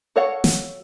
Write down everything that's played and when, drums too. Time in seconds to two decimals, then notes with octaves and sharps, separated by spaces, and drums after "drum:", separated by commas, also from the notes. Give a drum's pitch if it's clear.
0.16 F#4 A4 C#5 F5 F#5
0.44 drum: snare